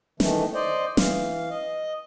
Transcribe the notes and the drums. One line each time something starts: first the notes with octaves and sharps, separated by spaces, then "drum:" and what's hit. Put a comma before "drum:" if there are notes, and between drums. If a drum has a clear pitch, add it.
D#3 E3 A3, drum: snare
C5 D5 D#5
E3 F5, drum: snare
D#5